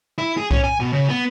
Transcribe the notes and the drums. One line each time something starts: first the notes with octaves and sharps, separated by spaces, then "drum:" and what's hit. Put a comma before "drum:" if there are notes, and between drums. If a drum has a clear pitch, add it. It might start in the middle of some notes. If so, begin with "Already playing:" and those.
E4
G#4
C#4, drum: kick C2
G#5
B2
C#3
B3